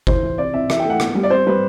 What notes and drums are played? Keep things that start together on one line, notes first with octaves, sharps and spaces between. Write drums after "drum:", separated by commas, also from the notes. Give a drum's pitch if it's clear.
E3 C5, drum: kick G1
E3
C3 D5
C4 E5
E3 E5, drum: rim click
G5
A3 F#5
B3, drum: rim click
G3
D5
C4 C5
G3 B4